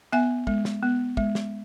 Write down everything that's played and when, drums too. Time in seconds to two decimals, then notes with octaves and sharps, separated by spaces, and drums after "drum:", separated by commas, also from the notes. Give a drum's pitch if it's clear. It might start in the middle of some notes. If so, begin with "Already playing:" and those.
0.12 B3 E5 G#5
0.47 G#3, drum: kick
0.65 drum: snare
0.83 B3
1.17 G#3, drum: kick
1.35 drum: snare